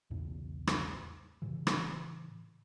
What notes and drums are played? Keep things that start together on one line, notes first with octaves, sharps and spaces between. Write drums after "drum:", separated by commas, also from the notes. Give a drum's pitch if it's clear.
B1 E2 A2 C#3
drum: rim click
A2 C#3 E3
drum: rim click